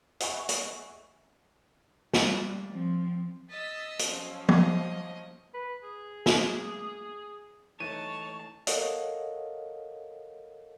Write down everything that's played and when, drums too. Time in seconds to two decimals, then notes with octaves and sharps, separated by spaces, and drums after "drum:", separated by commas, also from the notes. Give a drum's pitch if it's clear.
0.20 D#5 E5 F#5 G#5 B5 C#6, drum: hi-hat
0.49 drum: hi-hat
2.13 G3, drum: snare
2.72 F3 C4
3.50 D#5 D#6 E6 A6 B6
3.99 F3 F#3 C#4, drum: hi-hat
4.49 D#5, drum: tom
5.54 B4
5.83 G#4
6.26 drum: snare
7.80 E3 A3 D#4 C#5 A5 D#7
8.67 A4 A#4 C#5 D#5 F5 F#5, drum: hi-hat